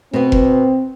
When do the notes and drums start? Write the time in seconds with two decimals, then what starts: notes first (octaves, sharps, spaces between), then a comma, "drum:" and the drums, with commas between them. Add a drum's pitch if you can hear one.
0.13 B2 B3 C4
0.32 drum: kick F1